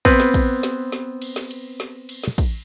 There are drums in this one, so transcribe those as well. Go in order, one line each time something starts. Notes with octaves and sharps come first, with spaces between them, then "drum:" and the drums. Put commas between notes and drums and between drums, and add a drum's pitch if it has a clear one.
B3 C4 B4, drum: kick, cymbal
drum: snare
drum: kick, cymbal
drum: snare
drum: snare
drum: cymbal
drum: snare
drum: cymbal
drum: snare
drum: cymbal
drum: snare
drum: kick, cymbal